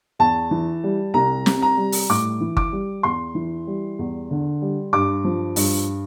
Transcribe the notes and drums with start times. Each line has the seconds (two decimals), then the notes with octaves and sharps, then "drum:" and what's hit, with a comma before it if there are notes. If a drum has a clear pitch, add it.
0.19 E2 A5
0.51 E3
0.84 G3
1.14 C2 A#5
1.46 C3, drum: snare
1.62 A#5
1.77 G3
1.92 drum: open hi-hat
2.10 A2 D6
2.40 E3
2.57 D6, drum: kick G1
2.73 G3
3.03 E2 C6
3.35 E3
3.67 G3
3.99 E2
4.31 D3
4.62 G3
4.93 G2 D6
5.24 F3
5.56 G2, drum: open hi-hat